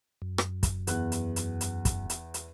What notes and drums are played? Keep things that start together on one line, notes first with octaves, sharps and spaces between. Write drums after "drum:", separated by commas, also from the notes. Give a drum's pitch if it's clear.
F#2
drum: rim click
drum: kick, hi-hat
E2 F#6, drum: hi-hat
drum: hi-hat
drum: hi-hat
drum: hi-hat
drum: kick, hi-hat
drum: hi-hat
drum: hi-hat